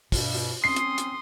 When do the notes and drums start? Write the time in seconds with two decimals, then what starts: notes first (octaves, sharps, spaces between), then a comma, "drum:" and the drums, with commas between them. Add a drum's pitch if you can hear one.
0.12 G2 B2, drum: kick, open hi-hat
0.34 drum: open hi-hat
0.64 C4 C#4 C6 D#6 C7
0.76 drum: hi-hat
0.98 drum: hi-hat